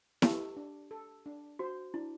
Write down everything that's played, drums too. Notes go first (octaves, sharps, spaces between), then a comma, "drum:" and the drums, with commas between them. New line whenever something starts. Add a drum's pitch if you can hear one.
G4 A4, drum: snare E4
D4
A4
D4
F#4 C5
D4 E4